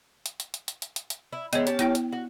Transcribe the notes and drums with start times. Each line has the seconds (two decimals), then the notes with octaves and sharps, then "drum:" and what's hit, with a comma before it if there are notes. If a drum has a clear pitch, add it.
0.26 drum: hi-hat
0.40 drum: hi-hat
0.54 drum: hi-hat
0.68 drum: hi-hat
0.82 drum: hi-hat
0.96 drum: hi-hat
1.10 drum: hi-hat
1.33 E4
1.53 E3 G#3 B3 C#5, drum: hi-hat
1.67 C#4 G4 A5, drum: hi-hat
1.79 B3 E4 G5, drum: hi-hat
1.95 drum: hi-hat
2.12 F#4